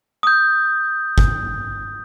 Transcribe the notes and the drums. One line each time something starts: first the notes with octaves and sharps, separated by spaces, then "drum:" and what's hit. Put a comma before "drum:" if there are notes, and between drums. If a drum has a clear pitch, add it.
D#6 G6
drum: kick G1